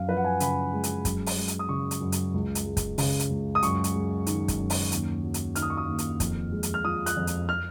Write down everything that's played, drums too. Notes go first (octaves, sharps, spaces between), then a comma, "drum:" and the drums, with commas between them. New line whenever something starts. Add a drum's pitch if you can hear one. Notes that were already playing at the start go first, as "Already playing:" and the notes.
Already playing: F#2 F5
F3 B4
F#5
G#5
C#3 B5, drum: hi-hat
G#3
drum: hi-hat
F#2, drum: kick, hi-hat
drum: open hi-hat
G#3
drum: hi-hat
D#6
C#3 C#6
drum: hi-hat
F#2
drum: hi-hat
C#2
drum: hi-hat
G#3
drum: kick, hi-hat
C#3, drum: open hi-hat
drum: hi-hat
C#2
D#6
F#2 C#6, drum: hi-hat
drum: hi-hat
G#3
D#3, drum: hi-hat
drum: kick, hi-hat
F#2
drum: open hi-hat
D#2, drum: hi-hat
F#3
drum: hi-hat
D#3 F6, drum: hi-hat
D#6
C#6
D#6
D#2
drum: hi-hat
F2, drum: kick, hi-hat
G#3
drum: hi-hat
F6
F3 D#6
F#6, drum: hi-hat
F2
drum: hi-hat
F6